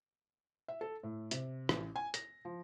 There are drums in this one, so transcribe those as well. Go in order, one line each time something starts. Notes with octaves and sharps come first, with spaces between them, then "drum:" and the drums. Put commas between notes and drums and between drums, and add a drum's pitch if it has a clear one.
E5
A4
A2
C3, drum: hi-hat
A1, drum: rim click
G#5
A#6, drum: hi-hat
F3